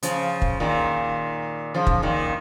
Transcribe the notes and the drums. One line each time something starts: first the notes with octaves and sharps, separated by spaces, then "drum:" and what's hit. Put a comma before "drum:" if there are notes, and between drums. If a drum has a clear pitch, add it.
C#3 F3, drum: hi-hat
drum: kick
A#2 D#3
C#3 F3
drum: kick
A#2 D#3